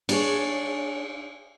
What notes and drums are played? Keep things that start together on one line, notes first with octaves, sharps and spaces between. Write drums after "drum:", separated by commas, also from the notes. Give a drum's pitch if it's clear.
D4 G#4 C#5, drum: cymbal